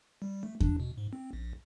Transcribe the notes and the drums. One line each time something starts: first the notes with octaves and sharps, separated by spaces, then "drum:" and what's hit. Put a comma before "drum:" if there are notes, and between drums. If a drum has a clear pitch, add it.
G3
A3
D4, drum: kick E2
B2
G#2
C4
A#1